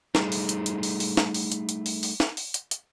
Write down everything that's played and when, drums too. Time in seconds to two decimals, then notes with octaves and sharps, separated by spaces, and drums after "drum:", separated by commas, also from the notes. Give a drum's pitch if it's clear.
0.15 G3 A3 D#4 G#4, drum: snare
0.32 drum: open hi-hat
0.49 drum: hi-hat
0.66 drum: hi-hat
0.83 drum: open hi-hat
1.00 drum: open hi-hat
1.17 drum: snare
1.34 drum: open hi-hat
1.52 drum: hi-hat
1.69 drum: hi-hat
1.86 drum: open hi-hat
2.03 drum: open hi-hat
2.20 drum: snare
2.37 drum: open hi-hat
2.54 drum: hi-hat
2.71 drum: hi-hat